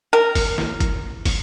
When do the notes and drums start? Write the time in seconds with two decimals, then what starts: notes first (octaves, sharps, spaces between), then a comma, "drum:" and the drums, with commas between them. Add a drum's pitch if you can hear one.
0.13 A#4
0.35 drum: kick, open hi-hat
0.58 drum: snare E4
0.80 drum: kick, hi-hat
1.25 drum: kick, open hi-hat